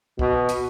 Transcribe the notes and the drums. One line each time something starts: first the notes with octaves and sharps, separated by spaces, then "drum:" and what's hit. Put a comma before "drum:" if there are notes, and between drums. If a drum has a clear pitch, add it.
B2, drum: kick
drum: hi-hat